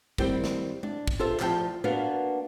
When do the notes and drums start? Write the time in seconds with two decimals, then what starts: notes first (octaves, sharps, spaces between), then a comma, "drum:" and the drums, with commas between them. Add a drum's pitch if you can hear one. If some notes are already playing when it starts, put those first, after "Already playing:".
0.18 D#3 G3 C4 E4 G4 C5, drum: kick
0.44 drum: snare
0.83 D4, drum: tom G#3
1.08 drum: kick
1.19 F4 A4 C5 E5
1.40 D2 F3 E4 E5 G5 A5, drum: clap
1.84 A#3 B3 D4 F#4 B4 F5